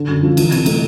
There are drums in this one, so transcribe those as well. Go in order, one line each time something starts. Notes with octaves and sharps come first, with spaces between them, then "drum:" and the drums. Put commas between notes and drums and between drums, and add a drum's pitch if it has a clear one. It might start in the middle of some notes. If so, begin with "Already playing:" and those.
Already playing: D3
F#2
F3
E3, drum: cymbal
C3, drum: cymbal
A3, drum: cymbal